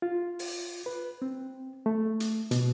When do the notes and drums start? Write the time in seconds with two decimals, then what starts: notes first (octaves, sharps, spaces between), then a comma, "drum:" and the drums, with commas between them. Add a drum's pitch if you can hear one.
0.02 F4
0.39 drum: open hi-hat
0.86 B4
1.22 C4
1.86 A3
2.20 drum: hi-hat
2.51 B2, drum: hi-hat